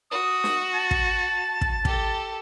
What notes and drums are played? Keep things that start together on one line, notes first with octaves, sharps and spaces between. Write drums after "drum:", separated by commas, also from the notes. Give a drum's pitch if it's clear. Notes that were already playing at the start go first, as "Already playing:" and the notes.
F#4 D#6
drum: snare
A5
drum: kick
drum: kick
G4 A4, drum: kick